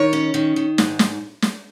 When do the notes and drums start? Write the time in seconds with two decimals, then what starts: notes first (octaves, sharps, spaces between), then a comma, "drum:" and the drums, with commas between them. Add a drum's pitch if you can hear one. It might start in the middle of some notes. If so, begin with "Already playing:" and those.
Already playing: D#3 C#5
0.13 C#4
0.34 D#3
0.56 D#3
0.78 G#2, drum: snare
0.99 drum: snare
1.42 drum: snare